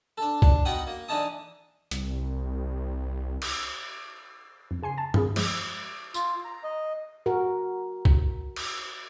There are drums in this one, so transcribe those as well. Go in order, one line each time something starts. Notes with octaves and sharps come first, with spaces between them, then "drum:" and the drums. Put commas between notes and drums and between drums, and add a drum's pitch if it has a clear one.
D4 A4
D4, drum: kick B1
B2 B3 D#4 F#5 G5 D#6
A#3
D3 E3 D#4 A5 D#6
C2, drum: hi-hat
drum: cymbal
F2
C#3 G#5 C6 C7
A5 A6
F2 E4 G#4, drum: tom G2
F3 G#3, drum: cymbal
F4, drum: tambourine
A#5
D#5
F#4 A#4
drum: kick B1
drum: cymbal